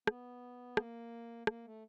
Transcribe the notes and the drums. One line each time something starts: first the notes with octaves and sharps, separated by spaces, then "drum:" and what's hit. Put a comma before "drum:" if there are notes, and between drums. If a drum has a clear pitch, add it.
B3, drum: rim click
A#3, drum: rim click
A#3, drum: rim click
A3